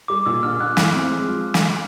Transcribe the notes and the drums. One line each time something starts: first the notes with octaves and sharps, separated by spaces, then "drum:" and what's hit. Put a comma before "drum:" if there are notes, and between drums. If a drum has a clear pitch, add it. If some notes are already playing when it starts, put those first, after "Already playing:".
G3 D6
A#2 E6
A#1 F6
A#1 F#6
A2, drum: snare
C4
G#3
F3 F6
drum: snare